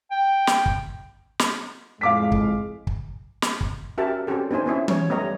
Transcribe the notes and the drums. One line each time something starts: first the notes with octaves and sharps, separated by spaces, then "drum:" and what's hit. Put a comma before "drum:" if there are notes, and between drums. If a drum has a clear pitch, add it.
G5
drum: snare
drum: kick
drum: snare
F2 A2 G#3 F5 D6 B6
drum: kick
drum: kick
drum: snare
drum: kick
C#4 F#4 G4 A#4 E5 A5
C4 C#4 F#4 G4 A4
B3 D4 D#4 C5 G#5
B3 C#4 E4 E5
C#4 C#5, drum: tom
G3 A3 B3 C#5 D#5 A#5